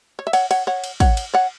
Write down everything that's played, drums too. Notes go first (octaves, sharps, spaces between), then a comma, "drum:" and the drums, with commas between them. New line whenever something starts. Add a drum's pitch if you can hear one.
C#5
E5
C#5 F#5, drum: cymbal
C#5 F#5, drum: cymbal
C#5 F#5
drum: cymbal
C#5 F#5, drum: kick, cymbal
drum: cymbal
C#5 F#5